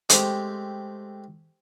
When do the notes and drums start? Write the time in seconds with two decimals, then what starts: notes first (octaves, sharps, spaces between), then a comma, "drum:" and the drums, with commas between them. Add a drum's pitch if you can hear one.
0.09 G#3 A3 C4 G4, drum: hi-hat